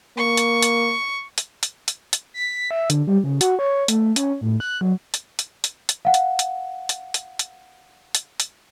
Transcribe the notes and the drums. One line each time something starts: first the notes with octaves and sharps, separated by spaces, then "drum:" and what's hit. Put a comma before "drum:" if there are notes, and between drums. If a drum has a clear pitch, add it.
A#3 C#6
drum: hi-hat
drum: hi-hat
drum: hi-hat
drum: hi-hat
drum: hi-hat
drum: hi-hat
B6
E5
D3, drum: hi-hat
G3
C#3
F#4, drum: hi-hat
C#5
A3, drum: hi-hat
C#4, drum: hi-hat
A2
F#6
F#3
drum: hi-hat
drum: hi-hat
drum: hi-hat
drum: hi-hat
F5 F#5
drum: hi-hat
drum: hi-hat
drum: hi-hat
drum: hi-hat
drum: hi-hat
drum: hi-hat
drum: hi-hat